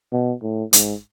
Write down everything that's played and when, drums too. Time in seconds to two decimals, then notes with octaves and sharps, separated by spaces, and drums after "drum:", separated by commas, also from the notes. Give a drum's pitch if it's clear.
0.12 B2
0.43 A2
0.73 G#2, drum: hi-hat